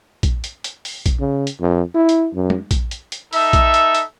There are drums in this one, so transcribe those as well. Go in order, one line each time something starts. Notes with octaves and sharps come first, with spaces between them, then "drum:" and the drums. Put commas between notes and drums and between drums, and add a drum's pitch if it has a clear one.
drum: kick A#1, hi-hat
drum: hi-hat
drum: hi-hat
drum: open hi-hat
drum: kick A#1, hi-hat
C#3
drum: hi-hat
F2
E4
drum: hi-hat
F#2
drum: tom
drum: kick A#1, hi-hat
drum: hi-hat
drum: hi-hat
D#4 A4 E5, drum: open hi-hat
drum: kick A#1, hi-hat
drum: hi-hat
drum: hi-hat